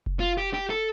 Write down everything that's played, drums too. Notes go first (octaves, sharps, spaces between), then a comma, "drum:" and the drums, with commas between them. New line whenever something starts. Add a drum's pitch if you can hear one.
drum: kick F1
F4
G4
G4
A4